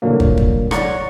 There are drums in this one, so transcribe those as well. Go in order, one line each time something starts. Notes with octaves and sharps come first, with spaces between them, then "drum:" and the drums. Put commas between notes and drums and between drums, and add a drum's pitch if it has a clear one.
C2 A#2 D3 F#3 A#3
drum: kick
drum: kick
C#5 D5 F#5 A#5 C#6, drum: rim click